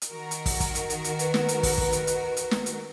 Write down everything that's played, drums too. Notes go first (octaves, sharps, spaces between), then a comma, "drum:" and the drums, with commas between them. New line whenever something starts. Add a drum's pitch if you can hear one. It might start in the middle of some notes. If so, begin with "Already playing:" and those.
drum: hi-hat
D#3 F#4 A#4
drum: hi-hat
drum: kick, open hi-hat
drum: kick, hi-hat
drum: hi-hat
drum: hi-hat
drum: hi-hat
B4, drum: hi-hat
drum: snare
drum: hi-hat
drum: kick, open hi-hat
drum: kick
drum: hi-hat
drum: hi-hat
drum: hi-hat
drum: snare
drum: hi-hat